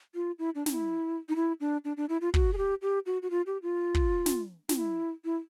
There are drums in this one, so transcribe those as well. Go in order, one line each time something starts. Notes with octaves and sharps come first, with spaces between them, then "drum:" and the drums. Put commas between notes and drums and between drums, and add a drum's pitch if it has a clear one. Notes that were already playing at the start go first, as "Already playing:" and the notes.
F4
E4
D4
D#4, drum: snare
E4
D#4
E4
D4
D4
D4
E4
F4
F#4, drum: kick
G#4
G4
G4
F#4
F#4
F4
G4
F4
drum: kick
drum: snare
F4, drum: snare
E4
E4